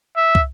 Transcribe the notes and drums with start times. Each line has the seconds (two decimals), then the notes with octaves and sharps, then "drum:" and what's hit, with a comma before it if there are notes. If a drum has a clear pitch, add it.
0.16 E5
0.35 drum: kick